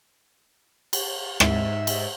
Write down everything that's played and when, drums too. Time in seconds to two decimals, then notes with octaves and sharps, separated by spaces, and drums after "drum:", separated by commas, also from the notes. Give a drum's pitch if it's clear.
0.93 drum: cymbal
1.40 G#2 E5, drum: rim click
1.87 drum: cymbal